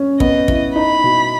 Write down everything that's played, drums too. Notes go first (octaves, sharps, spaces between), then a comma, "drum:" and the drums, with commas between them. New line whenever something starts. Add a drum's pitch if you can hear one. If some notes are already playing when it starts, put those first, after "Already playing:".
Already playing: C#4
B3 D#5, drum: kick
E4, drum: kick
D#4 B5
B2